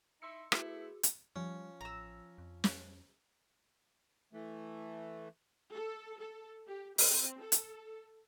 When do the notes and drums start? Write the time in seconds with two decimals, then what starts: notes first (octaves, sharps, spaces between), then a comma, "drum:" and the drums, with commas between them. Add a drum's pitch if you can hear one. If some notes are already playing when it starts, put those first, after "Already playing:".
0.22 D#4 E4 E5 C6 E6 C#7
0.52 A3 B3 E4 F#4 G#4, drum: rim click
1.03 drum: hi-hat
1.36 F3 G3 C#4
1.81 A1 A#5 E6
2.38 F2
2.64 drum: snare
4.33 E3 A3
5.73 A4
6.20 A4
6.68 G4
6.98 C4, drum: open hi-hat
7.41 A4
7.52 drum: hi-hat